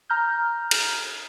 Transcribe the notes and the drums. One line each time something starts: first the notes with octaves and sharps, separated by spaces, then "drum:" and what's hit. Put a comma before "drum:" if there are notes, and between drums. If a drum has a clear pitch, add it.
A#5 F6 G6
drum: cymbal